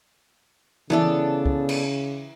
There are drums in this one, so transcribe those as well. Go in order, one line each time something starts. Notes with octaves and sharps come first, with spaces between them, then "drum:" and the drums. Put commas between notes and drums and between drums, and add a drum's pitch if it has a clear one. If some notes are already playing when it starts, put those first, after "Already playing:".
C#3 E3 B3 D4 E4 A4, drum: tom E3
drum: kick
drum: cymbal